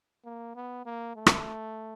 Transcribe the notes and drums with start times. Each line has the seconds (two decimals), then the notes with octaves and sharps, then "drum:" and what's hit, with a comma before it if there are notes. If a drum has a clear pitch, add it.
0.25 A#3
0.55 B3
0.85 A#3
1.16 A3
1.26 drum: rim click